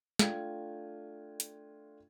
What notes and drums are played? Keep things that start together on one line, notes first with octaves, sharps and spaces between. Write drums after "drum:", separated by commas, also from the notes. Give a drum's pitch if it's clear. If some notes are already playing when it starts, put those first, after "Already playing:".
A3 D4 F4 G5 G#6, drum: snare
drum: hi-hat